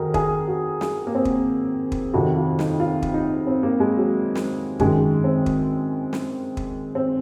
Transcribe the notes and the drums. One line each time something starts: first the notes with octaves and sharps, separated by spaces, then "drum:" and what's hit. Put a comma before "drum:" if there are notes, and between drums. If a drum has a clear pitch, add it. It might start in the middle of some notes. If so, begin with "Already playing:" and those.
Already playing: F2 D#3 F#4 G#4 A#4
G#4, drum: kick
F#4
G#4, drum: snare
A#3
C4
drum: kick
drum: kick
F2 C3 D#3 F#4
F4
D#4, drum: snare
F4
drum: kick
D#4
C4
A#3
G#3
F#3
drum: snare
F#2 D#3 G#3, drum: kick
C4
drum: kick
drum: snare
drum: kick
C4